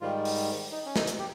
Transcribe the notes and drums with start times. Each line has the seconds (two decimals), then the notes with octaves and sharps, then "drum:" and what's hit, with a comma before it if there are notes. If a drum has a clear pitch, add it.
0.01 G#2 D#3 G3 F4
0.25 drum: open hi-hat
0.72 D#4
0.85 C#4
0.96 D#4, drum: snare
1.07 drum: hi-hat
1.19 G4